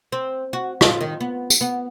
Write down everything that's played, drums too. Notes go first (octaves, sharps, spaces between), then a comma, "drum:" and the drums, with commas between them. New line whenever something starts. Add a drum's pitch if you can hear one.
C4
F#4
F4, drum: rim click
D#3
B3
drum: tambourine
B3